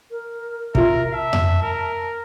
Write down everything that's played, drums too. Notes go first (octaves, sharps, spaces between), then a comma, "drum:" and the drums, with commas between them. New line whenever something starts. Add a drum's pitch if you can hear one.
A#4
C3 F4 A#4 E5, drum: kick
E5 A5
drum: tom F2
A#4